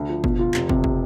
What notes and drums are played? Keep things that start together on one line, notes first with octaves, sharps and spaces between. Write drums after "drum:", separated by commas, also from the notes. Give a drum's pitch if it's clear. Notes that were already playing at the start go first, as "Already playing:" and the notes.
Already playing: D2
F3
B2, drum: kick
F4
F1, drum: clap
C3, drum: kick
drum: kick